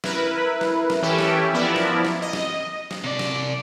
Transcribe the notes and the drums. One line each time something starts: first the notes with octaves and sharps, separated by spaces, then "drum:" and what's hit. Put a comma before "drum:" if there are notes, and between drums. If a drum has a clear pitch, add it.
E4 A#4 B4, drum: snare
drum: snare
drum: snare
E3 C#4 E4 G4 A4
drum: snare
F3 B3 E4 A#4 D5 E5
drum: snare
drum: snare
D#5
drum: snare
drum: snare
C3 D5
drum: snare